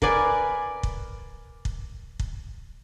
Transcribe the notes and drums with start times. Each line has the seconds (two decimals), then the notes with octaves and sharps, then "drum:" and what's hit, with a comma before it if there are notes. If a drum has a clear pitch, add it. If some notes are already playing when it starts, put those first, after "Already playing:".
0.02 A#4 B4 D5 G#5, drum: kick
0.83 drum: kick
1.65 drum: kick
2.19 drum: kick